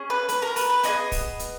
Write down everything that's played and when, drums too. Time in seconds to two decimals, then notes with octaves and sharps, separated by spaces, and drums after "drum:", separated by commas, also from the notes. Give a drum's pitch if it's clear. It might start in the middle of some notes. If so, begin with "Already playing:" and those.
Already playing: C#4 G#4
0.10 B4
0.29 B4, drum: hi-hat
0.42 A#4
0.56 B4, drum: open hi-hat
0.70 B4
0.83 B3 D#4 G#4 D#5, drum: hi-hat
1.12 drum: kick, open hi-hat
1.39 drum: hi-hat